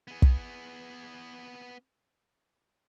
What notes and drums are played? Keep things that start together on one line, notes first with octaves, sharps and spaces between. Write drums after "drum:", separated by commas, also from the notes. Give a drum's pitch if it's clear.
B3 G#4
drum: kick